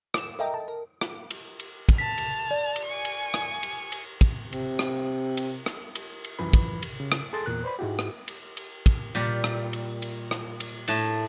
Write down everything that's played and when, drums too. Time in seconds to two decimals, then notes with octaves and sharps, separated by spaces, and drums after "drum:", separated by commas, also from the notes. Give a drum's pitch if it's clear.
0.14 D6 E7, drum: rim click
0.39 A4 A#4 D#5 E5 G5 A#5
0.54 A5
0.68 A#4
1.01 drum: rim click
1.31 drum: cymbal
1.60 drum: cymbal
1.89 drum: kick, cymbal
1.98 A5 B6 F7
2.18 drum: cymbal
2.51 D5
2.76 drum: cymbal
2.86 G#5 C#6
3.05 drum: cymbal
3.34 drum: rim click
3.63 drum: cymbal
3.92 drum: cymbal
4.21 drum: kick, cymbal
4.53 C3, drum: cymbal
4.79 drum: rim click
5.37 drum: cymbal
5.66 drum: rim click
5.95 drum: cymbal
6.24 drum: cymbal
6.39 C2 F#2 E3 F3 B4 B5
6.53 drum: kick, cymbal
6.83 drum: cymbal
7.00 C#3
7.12 drum: rim click
7.33 G#4 A4 C6 A6
7.46 E2 A#2 A#4 F#6
7.64 B4 C5 D5 B5
7.79 G#2 G#3 E4 F#4 G4
7.99 drum: rim click
8.28 drum: cymbal
8.57 drum: cymbal
8.86 drum: kick, cymbal
9.15 A#2 G3, drum: cymbal
9.44 drum: rim click
9.73 drum: cymbal
10.02 drum: cymbal
10.31 drum: rim click
10.60 drum: cymbal
10.88 A2 E4 A5, drum: cymbal